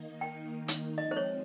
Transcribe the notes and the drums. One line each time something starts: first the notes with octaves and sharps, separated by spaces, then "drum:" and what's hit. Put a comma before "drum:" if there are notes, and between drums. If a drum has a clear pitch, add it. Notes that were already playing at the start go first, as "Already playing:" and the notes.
Already playing: D#3 A#3 D#4
G5
drum: hi-hat
F3 G#3 C4 D#5
C5
C#5